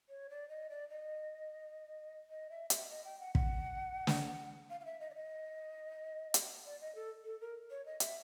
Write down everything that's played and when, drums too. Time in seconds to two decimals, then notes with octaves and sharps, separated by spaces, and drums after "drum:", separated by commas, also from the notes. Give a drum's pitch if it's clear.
0.10 C#5
0.30 D5
0.49 D#5
0.70 D5
0.89 D#5
2.30 D#5
2.50 E5
2.70 E5, drum: hi-hat
2.90 D#5
3.04 G5
3.20 F#5
3.35 F#5, drum: kick
4.07 drum: snare
4.70 F5
4.80 F5
4.85 E5
5.00 D#5
5.10 D5
5.15 D#5
6.34 drum: hi-hat
6.65 D5
6.81 D#5
6.95 A4
7.25 A4
7.40 A#4
7.71 C#5
7.86 D#5
8.00 E5, drum: hi-hat